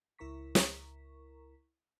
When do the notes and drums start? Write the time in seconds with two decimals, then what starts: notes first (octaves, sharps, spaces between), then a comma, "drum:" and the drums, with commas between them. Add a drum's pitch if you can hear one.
0.19 C#2 E4 A#4 A#5 C#6 B6
0.55 drum: snare